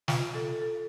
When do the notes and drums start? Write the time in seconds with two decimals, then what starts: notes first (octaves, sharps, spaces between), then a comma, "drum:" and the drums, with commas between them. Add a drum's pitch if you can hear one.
0.08 F4, drum: snare
0.35 A4
0.62 A4